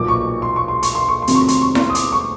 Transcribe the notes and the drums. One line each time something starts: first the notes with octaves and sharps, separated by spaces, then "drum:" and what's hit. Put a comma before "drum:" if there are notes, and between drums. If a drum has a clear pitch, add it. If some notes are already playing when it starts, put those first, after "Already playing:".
Already playing: B1 A#2 F3 D6
C#6
C6
C#6
C6
C#6, drum: hi-hat
C6
C#6
C6
F1 F2 C3 D#3 F#3, drum: hi-hat
C#6
C6, drum: hi-hat
C#6
C6, drum: snare E4
D#6
D6, drum: hi-hat
C#6